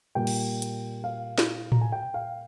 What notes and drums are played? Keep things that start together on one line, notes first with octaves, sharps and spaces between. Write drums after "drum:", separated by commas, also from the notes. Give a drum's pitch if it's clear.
A#2 G3 A#3 G5
drum: cymbal
drum: hi-hat
F5
drum: snare
A#5, drum: tom A2
G#5
G5
F5